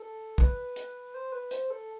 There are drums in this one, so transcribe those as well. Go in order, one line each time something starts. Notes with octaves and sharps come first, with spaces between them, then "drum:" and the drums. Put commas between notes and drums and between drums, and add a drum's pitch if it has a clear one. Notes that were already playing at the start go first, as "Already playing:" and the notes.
Already playing: A4
B4, drum: kick
drum: hi-hat
C5
B4
C5, drum: hi-hat
A4